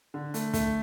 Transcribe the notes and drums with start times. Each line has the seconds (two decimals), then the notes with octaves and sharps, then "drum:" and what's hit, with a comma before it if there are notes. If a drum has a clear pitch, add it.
0.14 D3
0.34 A3, drum: hi-hat
0.53 A3, drum: kick, hi-hat